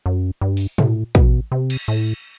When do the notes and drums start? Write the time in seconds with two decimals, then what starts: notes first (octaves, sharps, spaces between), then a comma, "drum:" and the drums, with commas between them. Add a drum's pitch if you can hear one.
0.06 F#2
0.41 G2
0.57 drum: open hi-hat
0.78 A2, drum: tom
1.15 B2, drum: kick
1.52 C3
1.70 drum: cymbal
1.88 A2